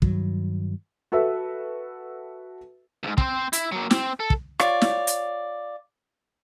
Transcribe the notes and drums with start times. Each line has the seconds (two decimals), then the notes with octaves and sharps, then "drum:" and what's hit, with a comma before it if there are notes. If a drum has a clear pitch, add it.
0.02 G2 D#3 F#3, drum: kick
1.12 F#4 A4 B4 E5
3.03 D2 G#2
3.18 C4 C5, drum: kick
3.53 E4, drum: hi-hat
3.72 F#3 A#3
3.91 C4, drum: snare
4.20 A4
4.30 drum: kick
4.59 F4 C#5 D5, drum: rim click
4.82 drum: snare
5.07 drum: hi-hat